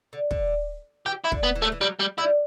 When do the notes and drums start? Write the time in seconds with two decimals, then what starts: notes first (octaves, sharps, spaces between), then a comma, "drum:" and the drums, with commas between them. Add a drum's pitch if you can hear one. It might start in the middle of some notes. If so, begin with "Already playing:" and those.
0.13 D3
0.31 D3, drum: kick
1.06 E3 G4
1.25 E4
1.32 D3, drum: kick
1.44 B3
1.56 E3
1.62 A3
1.65 F#3
1.72 E3
1.81 F#3 G3
2.00 G3
2.18 G3 E4